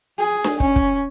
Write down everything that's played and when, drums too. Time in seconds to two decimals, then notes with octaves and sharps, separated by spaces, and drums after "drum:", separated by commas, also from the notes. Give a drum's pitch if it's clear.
0.18 G#4
0.44 drum: snare D4
0.60 C#4, drum: kick
0.76 drum: kick